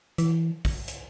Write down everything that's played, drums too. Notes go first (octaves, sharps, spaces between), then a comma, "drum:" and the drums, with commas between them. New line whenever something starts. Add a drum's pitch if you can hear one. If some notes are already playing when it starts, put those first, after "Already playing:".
E3, drum: hi-hat
drum: kick A1, open hi-hat
drum: hi-hat